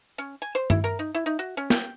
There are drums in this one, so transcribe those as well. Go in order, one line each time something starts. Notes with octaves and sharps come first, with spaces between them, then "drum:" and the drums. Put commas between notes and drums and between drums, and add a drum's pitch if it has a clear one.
C#4
G#5
C5
E4, drum: tom G2
A#4
D#4
E4
D#4
F#4
C#4
G5, drum: snare